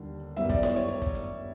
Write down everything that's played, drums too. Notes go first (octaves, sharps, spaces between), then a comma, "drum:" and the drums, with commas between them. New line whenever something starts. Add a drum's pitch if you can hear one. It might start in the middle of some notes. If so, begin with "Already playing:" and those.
Already playing: D#2 D3 G3
F#2 D#3 G3 B3 E5, drum: hi-hat
D5, drum: kick, hi-hat
C#5, drum: snare E4
C#5, drum: hi-hat
C#5, drum: hi-hat
drum: kick, hi-hat
drum: hi-hat